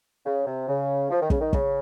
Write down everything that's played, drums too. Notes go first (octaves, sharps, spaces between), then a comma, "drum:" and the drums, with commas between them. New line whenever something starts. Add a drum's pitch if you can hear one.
C#3
C3
C#3
F3
D#3
C#3, drum: kick
D#3
C#3, drum: kick